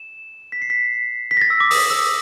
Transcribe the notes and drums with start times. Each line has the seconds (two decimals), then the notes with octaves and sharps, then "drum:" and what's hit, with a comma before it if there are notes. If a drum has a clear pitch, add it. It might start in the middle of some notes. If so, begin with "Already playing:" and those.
Already playing: E7
0.52 B6
0.62 C7
0.70 B6
1.31 B6
1.37 A#6
1.41 A6
1.50 E6
1.60 D6
1.71 D#6, drum: open hi-hat
1.90 E6